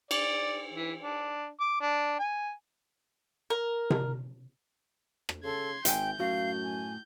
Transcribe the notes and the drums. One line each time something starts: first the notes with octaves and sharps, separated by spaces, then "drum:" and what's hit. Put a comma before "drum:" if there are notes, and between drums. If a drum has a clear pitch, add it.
D5, drum: cymbal
E3
D4
D6
D4
G#5
A#4
drum: tom C3
drum: rim click
C#3 A4 C6 G#6
G#1 E5 G5 G#5 G6, drum: hi-hat
F#2 A2 F#4 F5
G#5